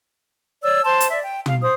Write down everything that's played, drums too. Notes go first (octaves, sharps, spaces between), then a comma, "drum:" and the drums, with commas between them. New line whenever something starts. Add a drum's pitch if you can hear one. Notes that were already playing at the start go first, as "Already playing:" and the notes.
C#5 D5 E6
C5 A5 C6
drum: hi-hat
D5 E5
G5
F5, drum: tom
C5 D#6